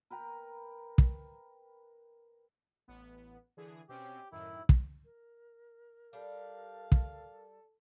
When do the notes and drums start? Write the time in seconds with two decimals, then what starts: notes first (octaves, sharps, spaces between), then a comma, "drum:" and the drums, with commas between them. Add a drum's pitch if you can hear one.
0.10 A#4 B4 G5 A#5
0.98 drum: kick
2.88 A1 B3
3.57 D3 E3 G#4
3.89 B2 C4 C#4 G4
4.32 F#2 A2 D#3 E4
4.69 drum: kick
5.05 A#4
6.13 G3 D4 A4 F5
6.92 drum: kick